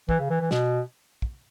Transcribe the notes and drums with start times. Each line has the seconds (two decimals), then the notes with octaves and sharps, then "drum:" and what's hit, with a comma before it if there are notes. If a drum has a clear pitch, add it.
0.09 E3, drum: kick
0.19 C#3
0.30 E3
0.41 E3
0.51 B2, drum: snare
1.22 drum: kick